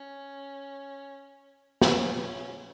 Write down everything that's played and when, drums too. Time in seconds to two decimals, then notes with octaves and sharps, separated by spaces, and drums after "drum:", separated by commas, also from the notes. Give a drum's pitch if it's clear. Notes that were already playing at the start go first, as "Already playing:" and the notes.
Already playing: C#4
1.82 C#4, drum: snare
2.23 C#4